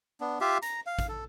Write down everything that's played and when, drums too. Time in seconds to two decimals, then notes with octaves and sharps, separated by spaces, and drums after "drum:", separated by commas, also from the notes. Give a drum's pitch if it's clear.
0.21 B3 D4
0.41 F4 G4 E5 F5
0.62 A#5, drum: hi-hat
0.86 F5
0.99 drum: kick, hi-hat
1.09 A4